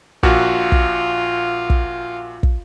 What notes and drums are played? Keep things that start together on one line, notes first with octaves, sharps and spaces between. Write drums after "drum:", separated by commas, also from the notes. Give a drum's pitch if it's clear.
A#1 A#2 F4 F#4, drum: kick
drum: kick
drum: kick
drum: kick